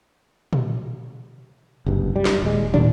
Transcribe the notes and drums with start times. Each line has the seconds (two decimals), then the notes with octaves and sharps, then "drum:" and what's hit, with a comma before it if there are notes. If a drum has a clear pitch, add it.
0.53 drum: tom A#2
1.86 F#1 C2 G2
2.16 G3
2.25 drum: snare
2.42 D#1 G#3
2.74 D#2 D#3 D4, drum: tom